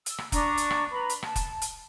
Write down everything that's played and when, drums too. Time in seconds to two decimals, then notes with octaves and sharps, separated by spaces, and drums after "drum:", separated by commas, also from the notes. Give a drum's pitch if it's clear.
0.06 E6, drum: hi-hat
0.18 drum: rim click
0.32 D4 A#5 C#6 D#6, drum: kick E1, hi-hat
0.57 drum: hi-hat
0.70 drum: rim click
0.91 B4 A#5 B5
1.09 drum: hi-hat
1.23 A5, drum: rim click
1.36 drum: kick E1, hi-hat
1.62 drum: hi-hat